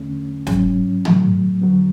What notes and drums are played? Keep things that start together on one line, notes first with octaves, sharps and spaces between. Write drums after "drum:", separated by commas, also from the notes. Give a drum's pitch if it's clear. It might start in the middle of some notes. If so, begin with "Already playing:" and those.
Already playing: E2 D3 A3 C#4
G#2 F#3 C#4, drum: snare
A2 F#3 A3, drum: tom
E2 D3 F#3 B3